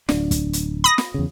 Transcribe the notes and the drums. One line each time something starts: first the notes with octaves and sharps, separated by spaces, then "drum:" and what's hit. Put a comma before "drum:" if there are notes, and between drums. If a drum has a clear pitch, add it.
D1 D4, drum: snare
drum: kick, hi-hat
drum: hi-hat
B5 D#6 A#6
drum: snare
E2 C#3